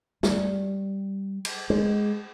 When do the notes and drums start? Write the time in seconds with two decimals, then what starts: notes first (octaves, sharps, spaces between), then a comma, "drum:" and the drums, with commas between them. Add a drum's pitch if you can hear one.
0.23 G3, drum: snare
1.45 drum: cymbal
1.70 G#3